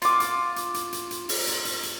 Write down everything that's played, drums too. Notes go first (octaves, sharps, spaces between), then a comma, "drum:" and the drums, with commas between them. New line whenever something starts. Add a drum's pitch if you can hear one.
F4 D6, drum: hi-hat
drum: hi-hat
drum: hi-hat
drum: hi-hat
drum: hi-hat
drum: hi-hat
drum: open hi-hat
drum: hi-hat
drum: hi-hat
drum: hi-hat